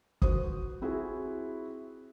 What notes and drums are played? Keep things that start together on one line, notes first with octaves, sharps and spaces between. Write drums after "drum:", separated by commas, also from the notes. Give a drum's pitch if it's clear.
F#4 B4 C5 D#6, drum: kick
C4 E4 F#4 G#4